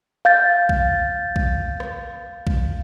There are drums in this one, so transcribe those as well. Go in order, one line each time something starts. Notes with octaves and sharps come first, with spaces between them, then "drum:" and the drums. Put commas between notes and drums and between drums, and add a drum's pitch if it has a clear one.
F5 G6 A6
drum: kick B1
drum: kick B1
drum: rim click
drum: kick B1